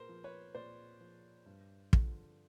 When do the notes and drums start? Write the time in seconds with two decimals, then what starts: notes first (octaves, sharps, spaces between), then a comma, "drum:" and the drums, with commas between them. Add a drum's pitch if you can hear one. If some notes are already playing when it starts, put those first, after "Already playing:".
Already playing: A#2 A#4 C5
0.09 F3
0.24 B4 C#5
0.55 A#2 C5 D5
1.01 F3
1.46 G2
1.93 D3 F3, drum: kick